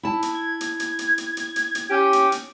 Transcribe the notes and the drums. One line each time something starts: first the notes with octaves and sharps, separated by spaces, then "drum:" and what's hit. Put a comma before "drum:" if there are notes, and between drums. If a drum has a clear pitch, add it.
E4 A5
drum: hi-hat
G#6
drum: hi-hat
drum: hi-hat
drum: hi-hat
drum: hi-hat
drum: hi-hat
drum: hi-hat
drum: hi-hat
C#4 G4
drum: hi-hat
drum: hi-hat